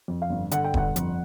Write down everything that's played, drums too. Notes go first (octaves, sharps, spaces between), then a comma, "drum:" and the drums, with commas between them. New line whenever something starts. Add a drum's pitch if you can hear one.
F2
F5
G1
D3 F#5, drum: hi-hat
G5
G1 F#5, drum: kick D#1
F2, drum: hi-hat